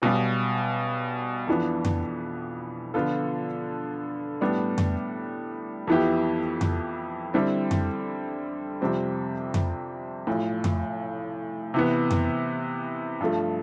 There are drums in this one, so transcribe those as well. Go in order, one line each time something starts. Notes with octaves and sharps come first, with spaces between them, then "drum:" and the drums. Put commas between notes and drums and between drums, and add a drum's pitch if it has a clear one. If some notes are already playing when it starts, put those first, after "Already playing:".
B1 B2 G3
F2 E3 B3 D4
drum: tom F2
D3 F3 B3 F4 A4
A2 G3 B3 D4
drum: tom F2
F2 E3 B3 E4 G4
drum: tom F2
D3 G3 C4 E4
drum: tom F2
F2 C3 G3 C4 G4
drum: tom F2
B1 A2 F3
drum: tom F2
C3 E3 B3
drum: tom F2
G2 F3 A3